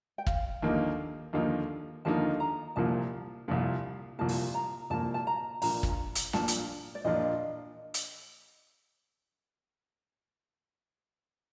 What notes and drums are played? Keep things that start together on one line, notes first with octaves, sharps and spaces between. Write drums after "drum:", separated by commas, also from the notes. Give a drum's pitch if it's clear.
G5
F5, drum: kick
D#2 D3 F3 A#3 D#4
D#2 D3 F3 A#3 D#4
D#2 D3 F3 A#3 D#4 A5
A#5
C2 A#2 F3 A#3 A5
C2 A#2 F3 A#3
C2 A#2 F3 A#3 A5
drum: open hi-hat
A#5
C2 A#2 F3 A#3 A5
A5
A#5
A#1 A#2 F3 A#3 D4 A#5, drum: open hi-hat
drum: kick
drum: hi-hat
A#1 A#2 F3 A#3 D4 A5, drum: snare
drum: hi-hat
D5
A#1 A#2 F3 A#3 D4 D#5
drum: hi-hat